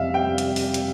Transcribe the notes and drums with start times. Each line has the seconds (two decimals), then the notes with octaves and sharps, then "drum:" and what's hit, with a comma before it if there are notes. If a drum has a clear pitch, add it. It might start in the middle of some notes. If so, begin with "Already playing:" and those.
Already playing: F2 C3 G3 E5 F5
0.14 G5
0.38 drum: hi-hat
0.56 drum: open hi-hat
0.74 drum: hi-hat